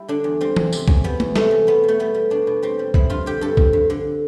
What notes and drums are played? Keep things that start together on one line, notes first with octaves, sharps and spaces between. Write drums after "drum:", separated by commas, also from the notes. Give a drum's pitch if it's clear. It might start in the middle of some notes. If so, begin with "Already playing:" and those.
Already playing: G3 E4
D3 D4
E2
G3 C4
E2, drum: tom E3
C3, drum: tambourine
E2, drum: kick
G3 B3
E2, drum: tom G#3
C3 A3, drum: snare
E2
B2 B3
B2 A3
G3 B3
G3
B2 D4
B2
G3 C4
G3
F3 E4, drum: kick
G2 F4
D3 G4
G2 A4
F3, drum: kick
G2
D3